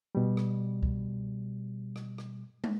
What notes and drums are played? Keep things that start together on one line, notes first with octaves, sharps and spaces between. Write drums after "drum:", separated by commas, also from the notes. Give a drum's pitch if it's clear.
B2 G3
drum: rim click
drum: kick C2
drum: rim click
drum: rim click
drum: tom